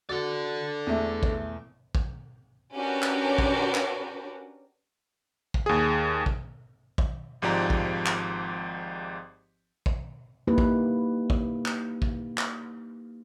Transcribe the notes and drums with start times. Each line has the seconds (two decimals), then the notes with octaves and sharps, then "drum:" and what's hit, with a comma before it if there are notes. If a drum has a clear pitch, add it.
0.09 F#4 A4 D5
0.87 E2 A3
1.23 drum: kick
1.95 drum: kick
2.75 C#4 D4 F#4 G4 A#4 B4
3.03 drum: clap
3.38 drum: kick
3.74 drum: clap
5.54 drum: kick
5.66 D#2 G#4
6.26 drum: kick
6.98 drum: kick
7.42 G#1 G#2 F3 G4 D5 A#5
7.70 drum: kick
8.06 drum: clap
9.86 drum: kick
10.47 A#3 D#4 E4 G4 B4
10.58 drum: kick
11.30 drum: kick
11.66 drum: clap
12.02 drum: kick
12.38 drum: clap